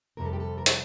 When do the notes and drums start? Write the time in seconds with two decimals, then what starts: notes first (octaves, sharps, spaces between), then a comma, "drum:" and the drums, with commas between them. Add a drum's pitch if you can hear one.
0.17 F2 C3 G3 A#4
0.25 A4
0.33 G4
0.40 A4
0.58 A#4
0.66 A4, drum: hi-hat